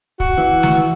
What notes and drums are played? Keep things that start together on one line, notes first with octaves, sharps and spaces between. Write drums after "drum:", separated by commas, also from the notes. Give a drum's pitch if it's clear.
F#4, drum: kick
E3
drum: snare